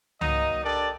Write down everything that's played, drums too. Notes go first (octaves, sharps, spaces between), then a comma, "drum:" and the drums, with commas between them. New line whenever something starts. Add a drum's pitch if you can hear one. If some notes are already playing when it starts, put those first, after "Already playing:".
F#3 A#3 D#4 D#5, drum: tom C2
D4 G4 A4 A#4 D5